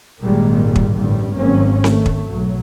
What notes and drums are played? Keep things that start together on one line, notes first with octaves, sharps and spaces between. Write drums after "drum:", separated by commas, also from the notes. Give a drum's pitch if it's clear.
G#1 A#2 D#3 G3 G#3 A#3
drum: kick
A1 G2 D3 G3
G#1 F#3 A#3 C4 C#4
D#3 A3, drum: snare C4
drum: kick
B1 F#3